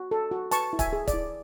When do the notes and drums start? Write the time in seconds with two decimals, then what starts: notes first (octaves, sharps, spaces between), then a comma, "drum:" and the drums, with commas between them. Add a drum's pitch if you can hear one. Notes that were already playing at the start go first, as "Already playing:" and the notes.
Already playing: F#4
0.11 A4
0.31 F#4
0.51 B4 A5 C#6, drum: hi-hat
0.73 E4
0.79 E5 G#5, drum: kick, hi-hat
0.93 G#4
1.07 D5, drum: kick, hi-hat
1.14 E4